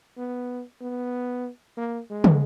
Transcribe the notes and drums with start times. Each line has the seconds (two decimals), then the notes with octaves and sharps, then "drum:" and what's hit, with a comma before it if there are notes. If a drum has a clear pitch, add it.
0.17 B3
0.81 B3
1.77 A#3
2.10 G#3
2.24 drum: tom